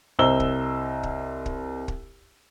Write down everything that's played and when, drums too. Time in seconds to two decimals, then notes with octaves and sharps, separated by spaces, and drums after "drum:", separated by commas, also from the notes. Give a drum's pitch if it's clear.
0.19 C2 C5 D#5 A#5 E6 G7
0.40 drum: kick
1.03 drum: kick
1.46 drum: kick
1.88 drum: kick